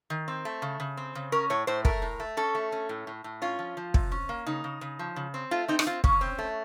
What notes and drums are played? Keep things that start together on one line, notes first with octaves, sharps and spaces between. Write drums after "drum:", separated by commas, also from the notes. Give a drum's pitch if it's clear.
D#3
C4
A3
C#3
C#3
C4
C#3
C#4 A#4
A2 C#5
A2 C5
A3 A#4, drum: kick
A2
A3
C#4 A4
A3
C#4
A2
A2
A2
C#4 F4
F3
F3
C3, drum: kick
C#4
A#3
C#3 D#4
C#3
C#3
F3
C#3
C4
A3 F4
C4 D#4
D#4, drum: rim click
C4 F4
C#3 C#4, drum: kick
C4
A3